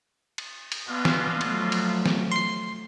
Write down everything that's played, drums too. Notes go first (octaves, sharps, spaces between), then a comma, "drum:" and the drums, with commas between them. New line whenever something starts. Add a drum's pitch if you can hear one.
drum: cymbal
drum: cymbal
B2 D3 B3 F4
drum: snare
F3 F#3 A3, drum: cymbal
drum: cymbal
drum: snare
C6 C7